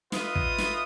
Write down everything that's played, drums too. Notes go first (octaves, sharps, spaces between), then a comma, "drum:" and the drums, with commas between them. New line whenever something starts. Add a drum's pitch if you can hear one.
F4 B4 D#5 E5 D#6, drum: snare
drum: kick
drum: snare